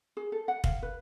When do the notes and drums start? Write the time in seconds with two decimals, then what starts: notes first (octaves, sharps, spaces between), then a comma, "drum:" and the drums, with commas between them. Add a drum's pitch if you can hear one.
0.17 G#4
0.32 A4
0.48 F#5
0.64 F5, drum: kick
0.82 B4